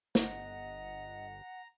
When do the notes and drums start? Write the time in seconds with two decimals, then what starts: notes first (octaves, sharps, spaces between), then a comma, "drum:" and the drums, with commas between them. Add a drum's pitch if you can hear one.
0.15 G1 D#5 F#5 A#5, drum: snare